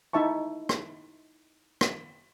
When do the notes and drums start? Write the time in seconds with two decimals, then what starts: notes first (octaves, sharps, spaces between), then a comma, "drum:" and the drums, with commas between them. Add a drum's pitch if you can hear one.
0.13 D#4 E4 E5 A5 C#6
0.69 drum: rim click
1.81 drum: rim click